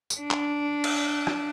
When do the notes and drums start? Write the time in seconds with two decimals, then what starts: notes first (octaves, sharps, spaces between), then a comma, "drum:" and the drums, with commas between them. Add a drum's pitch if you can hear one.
0.10 drum: tambourine
0.20 D4
0.31 drum: clap
0.84 drum: cymbal
1.27 drum: rim click